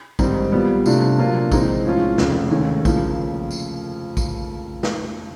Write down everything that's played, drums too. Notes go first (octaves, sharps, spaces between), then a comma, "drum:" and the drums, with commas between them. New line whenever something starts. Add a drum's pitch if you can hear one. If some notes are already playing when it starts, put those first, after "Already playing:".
G#2 D#3 G3 C4 D#4, drum: kick, tambourine
A#2 G3 B3
C3 F3 A3 D4 F4, drum: tambourine
A#2 F#3 A#3 D4 F4
E3 G#3 C4 D#4, drum: kick, tambourine
A2 F3 G#3 C#4 F4
F1 F2 C#3, drum: snare
F1 D#2 D#3 G#3 C#4
C#3 F3 A#3, drum: kick, tambourine
drum: tambourine
drum: kick, tambourine
drum: snare